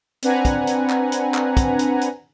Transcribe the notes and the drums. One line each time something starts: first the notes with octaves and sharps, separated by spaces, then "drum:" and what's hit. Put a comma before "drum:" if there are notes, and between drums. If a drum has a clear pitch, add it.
C4 D4 B4 F#5 G#5 A#5, drum: hi-hat
drum: kick, hi-hat
drum: hi-hat
drum: clap
drum: hi-hat
drum: clap
drum: kick, hi-hat
drum: hi-hat
drum: hi-hat